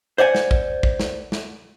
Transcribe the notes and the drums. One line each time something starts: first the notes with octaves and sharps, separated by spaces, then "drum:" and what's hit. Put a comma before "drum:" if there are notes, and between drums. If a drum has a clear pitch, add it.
C5 D5 F#5 G#5
drum: snare
drum: kick
drum: kick
drum: snare
drum: snare